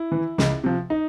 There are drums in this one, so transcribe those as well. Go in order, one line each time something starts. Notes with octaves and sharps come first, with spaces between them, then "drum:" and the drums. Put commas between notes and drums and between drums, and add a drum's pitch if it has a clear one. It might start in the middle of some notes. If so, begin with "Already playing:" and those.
Already playing: E4
E3
C#2, drum: snare
C3 F3
D#4